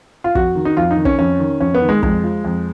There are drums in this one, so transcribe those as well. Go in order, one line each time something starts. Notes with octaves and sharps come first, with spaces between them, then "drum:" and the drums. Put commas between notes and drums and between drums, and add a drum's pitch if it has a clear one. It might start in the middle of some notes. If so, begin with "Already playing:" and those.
F4
F2 F#4, drum: kick
D#3
D#4
F2 F4
D#4
D#3
C#4, drum: kick
F2 C#4
D#3
F2 C#4
B3
D#3
G#3
F2 G#3, drum: kick
F3
F2